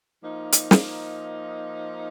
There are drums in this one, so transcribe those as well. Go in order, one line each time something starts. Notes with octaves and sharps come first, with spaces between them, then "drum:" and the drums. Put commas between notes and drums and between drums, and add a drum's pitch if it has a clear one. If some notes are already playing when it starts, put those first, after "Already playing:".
F3 A#3 D#4
drum: hi-hat
drum: snare